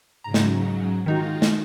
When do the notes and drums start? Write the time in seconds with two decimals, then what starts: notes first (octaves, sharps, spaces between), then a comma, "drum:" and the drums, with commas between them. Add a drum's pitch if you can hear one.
0.24 G#2 C#3 F#3 A#5
0.34 drum: snare
1.06 D#3 G#3 D#4 F4 F#4
1.42 drum: snare